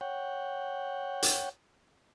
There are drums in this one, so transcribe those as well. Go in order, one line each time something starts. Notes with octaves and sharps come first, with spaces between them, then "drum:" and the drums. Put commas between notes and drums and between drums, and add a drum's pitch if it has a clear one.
C#5 F#5 G5
drum: hi-hat